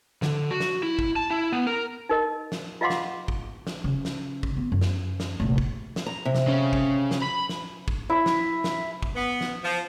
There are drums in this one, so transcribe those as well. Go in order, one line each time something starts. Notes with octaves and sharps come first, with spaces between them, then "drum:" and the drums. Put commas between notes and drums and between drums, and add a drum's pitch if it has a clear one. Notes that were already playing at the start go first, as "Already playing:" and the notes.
D3, drum: snare
F#4
drum: snare
E4
drum: kick
A5
E4
B3
A#4
D#4 A#4 D#5
drum: snare
F4 D#5 F5 F#5 C6 D6
drum: snare
drum: kick
drum: snare
C#3
drum: snare
drum: kick
B3
F#2
drum: snare
drum: snare
F1 A#1
drum: kick
drum: snare
A#5
C3
drum: snare
C#3 C#4
drum: kick
drum: snare
B5
drum: snare
drum: kick
E4
drum: snare
drum: snare
drum: kick
B3
drum: snare
F3